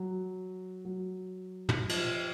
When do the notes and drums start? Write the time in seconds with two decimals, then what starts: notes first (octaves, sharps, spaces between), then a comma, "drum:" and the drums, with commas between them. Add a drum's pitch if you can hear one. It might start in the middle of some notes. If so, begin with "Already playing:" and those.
Already playing: F#3
0.85 F#3
1.69 drum: tom
1.89 F3, drum: cymbal